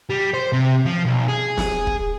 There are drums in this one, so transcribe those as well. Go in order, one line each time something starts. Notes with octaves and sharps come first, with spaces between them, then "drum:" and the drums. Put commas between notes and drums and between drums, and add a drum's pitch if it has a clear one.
G3
C5
C3
F3
B1
G#4
drum: snare
drum: kick